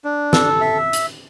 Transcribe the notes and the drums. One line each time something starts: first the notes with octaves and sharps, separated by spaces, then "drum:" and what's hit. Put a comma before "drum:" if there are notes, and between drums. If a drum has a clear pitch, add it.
D4
A4, drum: snare
E5
drum: hi-hat